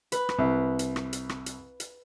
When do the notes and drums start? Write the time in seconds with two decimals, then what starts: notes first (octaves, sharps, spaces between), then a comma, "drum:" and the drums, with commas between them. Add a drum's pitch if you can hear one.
0.12 B4, drum: hi-hat
0.29 drum: rim click
0.38 C2
0.79 drum: hi-hat
0.96 drum: rim click
1.13 drum: hi-hat
1.29 drum: rim click
1.46 drum: hi-hat
1.80 drum: hi-hat